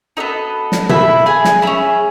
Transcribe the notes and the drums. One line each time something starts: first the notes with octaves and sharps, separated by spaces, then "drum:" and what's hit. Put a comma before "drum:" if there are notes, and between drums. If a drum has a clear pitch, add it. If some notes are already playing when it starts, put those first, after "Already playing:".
B3 D#4 F#4 A4 D#5
drum: snare
E4 E5, drum: tom B2
G#4 G#5
drum: snare
C#4 E4 G#4 E5